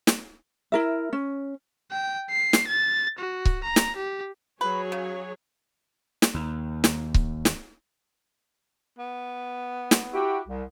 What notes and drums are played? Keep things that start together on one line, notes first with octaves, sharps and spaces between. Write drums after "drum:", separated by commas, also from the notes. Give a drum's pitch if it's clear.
drum: snare
E4 A#4 E5
C#4
G5
C7
drum: snare
A6
F#4
drum: kick C#1
A#5
drum: snare
G4
F#3 G#4 B4 C#5
C#3
drum: snare
D#2
drum: snare
drum: kick C#1
drum: snare
B3
drum: snare
E4 F#4 G4
C2